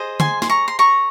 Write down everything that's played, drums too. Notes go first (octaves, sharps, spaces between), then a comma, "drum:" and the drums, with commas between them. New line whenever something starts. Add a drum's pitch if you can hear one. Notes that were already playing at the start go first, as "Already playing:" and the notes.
Already playing: G#4 C5 D#5
G#5 C6, drum: tom
C6, drum: snare
A#5 C#6
C6
A#5 C#6